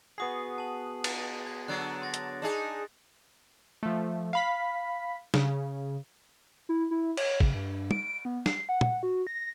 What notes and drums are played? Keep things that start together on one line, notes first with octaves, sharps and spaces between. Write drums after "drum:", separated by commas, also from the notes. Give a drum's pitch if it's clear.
B3 F#4 G#4 D#6 C7
A5 F#7
drum: cymbal
G#6
D3 F#3 F#6 A6 D7
C6 A6 A#6
drum: hi-hat
D4 D#4 G#4
F3 A3
F5 B5 B6
C#3, drum: snare
E4
E4
C#5, drum: cymbal
C#3, drum: kick
G2
D7, drum: tom
B3
C7, drum: snare
F#5
F#5, drum: tom
F#4
A#6